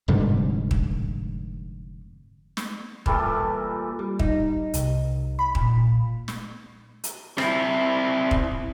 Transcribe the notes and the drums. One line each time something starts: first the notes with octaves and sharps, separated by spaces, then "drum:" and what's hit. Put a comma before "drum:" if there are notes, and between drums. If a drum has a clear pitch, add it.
F1 G#2 D3 G3
drum: kick
drum: snare
A#2 E3 G3 A3, drum: kick
G3
D#4, drum: kick
C2, drum: hi-hat
B5
A#2, drum: kick
drum: snare
drum: hi-hat
C4 E4, drum: rim click
drum: kick